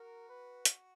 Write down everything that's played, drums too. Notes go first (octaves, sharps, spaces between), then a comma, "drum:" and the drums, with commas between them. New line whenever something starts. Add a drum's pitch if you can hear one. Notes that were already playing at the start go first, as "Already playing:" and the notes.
Already playing: F#4 A#4
B4
drum: hi-hat